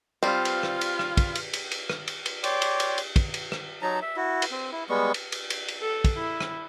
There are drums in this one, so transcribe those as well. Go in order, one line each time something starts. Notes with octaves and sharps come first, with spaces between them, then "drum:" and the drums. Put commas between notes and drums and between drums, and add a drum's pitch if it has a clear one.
G3 C4 F4 F5
drum: cymbal
drum: rim click
drum: cymbal
drum: rim click
drum: kick, cymbal
drum: cymbal
drum: cymbal
drum: cymbal
drum: rim click
drum: cymbal
drum: cymbal
C#5 D5 G5 C6 D6, drum: cymbal
drum: cymbal
drum: cymbal
drum: cymbal
drum: kick, cymbal
drum: cymbal
drum: rim click
F#3 D#4 A5 A#5
E5
E4 F#4
drum: cymbal
C4
E4
G3 G#3 B3 C#6
drum: cymbal
drum: cymbal
drum: cymbal
drum: cymbal
A4
drum: kick, cymbal
E4
drum: rim click